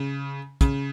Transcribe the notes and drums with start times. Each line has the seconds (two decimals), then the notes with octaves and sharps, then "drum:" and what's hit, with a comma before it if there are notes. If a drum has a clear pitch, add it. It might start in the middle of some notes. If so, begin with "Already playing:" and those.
Already playing: C#3
0.61 C#3, drum: kick, hi-hat